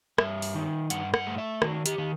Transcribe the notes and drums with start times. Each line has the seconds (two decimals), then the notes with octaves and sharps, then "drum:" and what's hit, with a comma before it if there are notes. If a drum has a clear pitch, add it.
0.18 G2 E5, drum: rim click
0.42 drum: open hi-hat
0.54 D#3
0.90 G2 F#5, drum: hi-hat
1.14 F#5, drum: rim click
1.27 A3
1.38 E5
1.62 D#3 F#4, drum: rim click
1.86 G4, drum: hi-hat
1.98 D#3